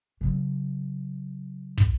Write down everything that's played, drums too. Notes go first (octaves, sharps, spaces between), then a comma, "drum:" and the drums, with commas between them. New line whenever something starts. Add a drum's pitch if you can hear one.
C#3 F#3
drum: kick